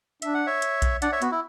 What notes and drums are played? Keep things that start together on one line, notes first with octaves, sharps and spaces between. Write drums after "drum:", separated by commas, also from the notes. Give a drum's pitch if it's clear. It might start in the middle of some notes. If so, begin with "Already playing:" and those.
D4 E5, drum: hi-hat
F#5
C#5 E5
drum: hi-hat
drum: kick B1, hi-hat
D4 D5 F#5, drum: hi-hat
C#5 E5
B3 F#4, drum: hi-hat
E4